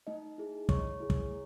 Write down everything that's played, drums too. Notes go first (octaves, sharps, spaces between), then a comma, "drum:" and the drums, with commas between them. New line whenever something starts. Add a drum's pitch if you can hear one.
A3 D#4 D#5
E4 G#4
A3 C#5 C#6, drum: kick
E4 G#4
drum: kick
A3